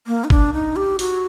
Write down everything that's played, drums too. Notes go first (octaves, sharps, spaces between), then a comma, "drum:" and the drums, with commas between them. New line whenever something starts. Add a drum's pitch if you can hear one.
A#3
D#4
D4, drum: kick G#1
D#4
G4
F#4, drum: open hi-hat